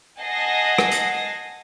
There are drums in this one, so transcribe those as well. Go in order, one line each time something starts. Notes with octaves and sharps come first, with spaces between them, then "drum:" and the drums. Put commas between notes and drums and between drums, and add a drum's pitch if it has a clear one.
D#5 F#5 G#5 A5 A#6 C7
drum: rim click
drum: hi-hat